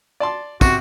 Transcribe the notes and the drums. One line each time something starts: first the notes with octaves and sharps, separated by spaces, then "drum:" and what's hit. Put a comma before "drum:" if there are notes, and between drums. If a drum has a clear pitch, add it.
D5 A5 C6
C3 C4 F#4, drum: kick, tambourine